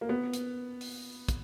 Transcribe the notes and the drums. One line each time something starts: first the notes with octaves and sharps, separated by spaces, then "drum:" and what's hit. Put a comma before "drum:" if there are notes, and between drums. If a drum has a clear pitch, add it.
A#3
B3
drum: hi-hat
drum: open hi-hat
drum: kick, hi-hat